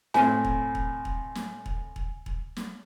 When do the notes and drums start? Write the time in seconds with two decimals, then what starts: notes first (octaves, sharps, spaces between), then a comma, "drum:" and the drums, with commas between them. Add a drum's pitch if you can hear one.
0.14 A2 C4 G#5, drum: snare
0.45 drum: kick E1
0.75 drum: kick E1
1.05 drum: kick E1
1.35 drum: snare
1.66 drum: kick E1
1.96 drum: kick E1
2.26 drum: kick E1
2.56 drum: snare